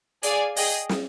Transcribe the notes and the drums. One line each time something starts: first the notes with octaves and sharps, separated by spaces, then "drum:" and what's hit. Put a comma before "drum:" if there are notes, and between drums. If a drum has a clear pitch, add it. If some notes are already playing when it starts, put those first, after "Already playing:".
G#4 D5 F5 G#5, drum: hi-hat
G#4 D#5 G5, drum: open hi-hat
drum: snare